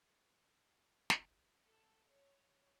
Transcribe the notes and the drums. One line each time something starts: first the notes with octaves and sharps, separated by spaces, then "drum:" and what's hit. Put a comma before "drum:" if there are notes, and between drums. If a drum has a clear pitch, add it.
drum: snare
A4
C#5